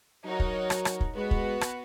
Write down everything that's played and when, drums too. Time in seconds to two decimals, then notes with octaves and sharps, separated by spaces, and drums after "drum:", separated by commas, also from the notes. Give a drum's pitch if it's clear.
0.24 F#3 D#4 F#4 A#4 C#5
0.40 drum: kick
0.70 drum: rim click
0.85 drum: rim click
1.00 drum: kick
1.15 G#3 B3 F#4 B4
1.31 drum: kick
1.61 drum: rim click